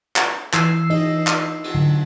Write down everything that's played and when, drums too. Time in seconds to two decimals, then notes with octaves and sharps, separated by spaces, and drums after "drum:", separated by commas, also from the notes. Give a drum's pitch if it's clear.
0.16 drum: clap
0.53 E3 E6 C7, drum: clap
0.90 D#4 D#5, drum: cymbal
1.27 drum: clap
1.64 drum: cymbal
1.75 D3 F#3